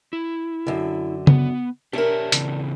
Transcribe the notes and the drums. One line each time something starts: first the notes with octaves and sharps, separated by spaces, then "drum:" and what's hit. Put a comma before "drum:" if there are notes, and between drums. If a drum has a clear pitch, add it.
E4
F#2 D3
B3, drum: tom C#3
D4 G4 A#4 C#5 E5
C#3 E3 C4, drum: hi-hat